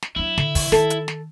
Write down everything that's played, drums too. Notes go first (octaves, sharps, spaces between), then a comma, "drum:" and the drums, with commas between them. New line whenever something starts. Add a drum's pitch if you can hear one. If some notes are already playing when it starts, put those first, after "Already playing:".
drum: snare
F#3 D4 E4
D3, drum: snare
drum: kick, open hi-hat
D#3 A4, drum: snare
drum: hi-hat
drum: snare